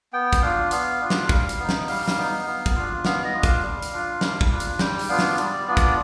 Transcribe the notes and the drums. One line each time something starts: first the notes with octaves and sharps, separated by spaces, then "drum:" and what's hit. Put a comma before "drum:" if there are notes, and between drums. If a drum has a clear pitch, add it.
B3 G5
drum: kick, hi-hat
D4 F4 F5
B3 F5, drum: hi-hat
D4 F4
drum: snare
G3, drum: kick
drum: hi-hat
B3 D#4
drum: snare
G3 F5, drum: open hi-hat
drum: snare
B3 D#4
B3
drum: kick, hi-hat
D4 F4
B3 F5, drum: snare
D#5
D4 F4
F5, drum: kick, hi-hat
G3
drum: hi-hat
D4 F4
G3, drum: snare
drum: kick
D4 F4
drum: hi-hat
G3 G5, drum: snare
drum: open hi-hat
B3 D4 F4 F5
drum: snare
G3 D5, drum: hi-hat
B3 D4 F4 D5
drum: kick, hi-hat